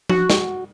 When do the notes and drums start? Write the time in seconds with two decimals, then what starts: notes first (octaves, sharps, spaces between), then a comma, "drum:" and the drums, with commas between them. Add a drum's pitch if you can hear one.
0.09 F#4, drum: tom F3
0.30 drum: snare